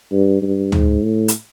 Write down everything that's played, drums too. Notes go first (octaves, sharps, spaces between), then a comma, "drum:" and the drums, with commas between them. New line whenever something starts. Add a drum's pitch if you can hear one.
G2
G2
G#2, drum: tom
A2
drum: hi-hat